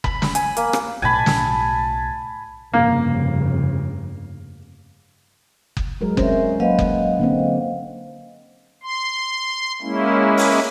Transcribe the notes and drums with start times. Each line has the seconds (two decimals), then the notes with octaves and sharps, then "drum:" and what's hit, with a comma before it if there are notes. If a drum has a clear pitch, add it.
0.04 B5, drum: kick F#1
0.22 B5, drum: snare
0.35 G#5, drum: hi-hat
0.57 A#3, drum: hi-hat
0.73 drum: rim click
1.02 B1 A2 G#5 A5 B5
1.26 drum: snare
2.73 F1 G2 C#3 A#3
5.77 drum: kick F#1
6.01 F#3 G#3 A#4
6.17 C4 C#4 A#4 C5 E5, drum: kick F#1
6.60 F#3 A#3 B4 D#5 F5
6.79 drum: kick F#1
7.19 D3 A#3 C4
8.83 C6
9.82 G#3 A#3 C#4 E4
10.37 drum: open hi-hat